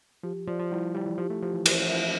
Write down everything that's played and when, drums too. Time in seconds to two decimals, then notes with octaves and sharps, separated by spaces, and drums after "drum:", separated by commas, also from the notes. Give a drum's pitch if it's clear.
0.23 F3 G4
0.47 F3 D5
0.60 F3
0.72 G3 E4
0.95 G3 E4
1.06 E3
1.18 F3 G4
1.30 A3
1.43 F3 G4
1.54 E3
1.66 E3 C5, drum: cymbal
1.89 F3 E5